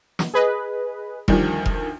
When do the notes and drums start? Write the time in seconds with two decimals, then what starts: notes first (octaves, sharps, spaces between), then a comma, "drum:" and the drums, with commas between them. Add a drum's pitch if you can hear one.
0.19 drum: snare
0.34 G#4 B4 D#5
1.28 D2 D#3 F3 G3, drum: kick F1
1.66 drum: kick F1